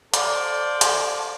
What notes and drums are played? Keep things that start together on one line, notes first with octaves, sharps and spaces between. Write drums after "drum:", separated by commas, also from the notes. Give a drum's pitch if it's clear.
A4 C5 D5 F5 A5, drum: hi-hat
drum: hi-hat